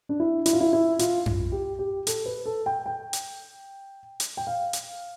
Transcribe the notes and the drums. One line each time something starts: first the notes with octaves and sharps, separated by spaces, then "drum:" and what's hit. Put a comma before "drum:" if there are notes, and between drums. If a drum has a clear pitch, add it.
D4
E4
E4, drum: hi-hat
F4
E4
E4
F4, drum: hi-hat
drum: tom F#2
G4
G4
A4, drum: hi-hat
B4
A4
G5
G5
drum: hi-hat
drum: hi-hat
G5
F5
drum: hi-hat